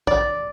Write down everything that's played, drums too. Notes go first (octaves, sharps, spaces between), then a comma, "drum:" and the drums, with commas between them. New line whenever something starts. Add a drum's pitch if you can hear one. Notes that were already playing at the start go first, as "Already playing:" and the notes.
D5, drum: kick A#1